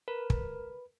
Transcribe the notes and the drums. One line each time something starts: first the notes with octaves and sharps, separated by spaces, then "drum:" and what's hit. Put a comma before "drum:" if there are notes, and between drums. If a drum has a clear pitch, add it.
A#4 B4
drum: kick